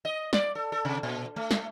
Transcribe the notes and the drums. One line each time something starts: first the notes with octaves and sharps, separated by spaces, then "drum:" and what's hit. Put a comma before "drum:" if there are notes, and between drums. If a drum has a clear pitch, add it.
D#5
D5, drum: snare
A4
A4
C3
A#2
A3
drum: snare